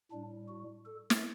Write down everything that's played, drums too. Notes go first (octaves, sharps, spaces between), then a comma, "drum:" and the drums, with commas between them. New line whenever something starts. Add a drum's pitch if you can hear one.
A2 G3 D4
F#4
A4
drum: snare